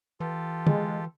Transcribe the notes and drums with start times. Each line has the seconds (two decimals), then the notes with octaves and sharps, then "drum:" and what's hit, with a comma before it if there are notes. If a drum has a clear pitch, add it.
0.20 E3 F4 G4 A4
0.67 G#3, drum: tom